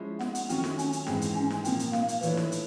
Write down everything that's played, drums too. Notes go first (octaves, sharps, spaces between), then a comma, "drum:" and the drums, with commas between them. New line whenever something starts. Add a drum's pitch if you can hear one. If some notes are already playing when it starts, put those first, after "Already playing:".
Already playing: F3 G#3 C#4 E4
B3, drum: snare
drum: hi-hat
D#3 F#3 A3 C4 C#4 F4, drum: hi-hat
drum: snare
C#4, drum: hi-hat
drum: hi-hat
G#2 E3 G#3 C4, drum: snare
drum: hi-hat
C#4
drum: snare
A#2 F3 A#3 C4, drum: hi-hat
drum: hi-hat
A#3, drum: snare
drum: hi-hat
A2 E3 F3 A3 D4, drum: hi-hat
drum: snare
drum: hi-hat